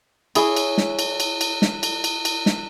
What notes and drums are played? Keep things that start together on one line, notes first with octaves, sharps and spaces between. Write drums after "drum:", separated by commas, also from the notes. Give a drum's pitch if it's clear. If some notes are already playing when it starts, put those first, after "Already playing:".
E4 G#4 C#5, drum: cymbal
drum: cymbal
drum: snare
drum: cymbal
drum: cymbal
drum: cymbal
drum: snare
drum: cymbal
drum: cymbal
drum: cymbal
drum: snare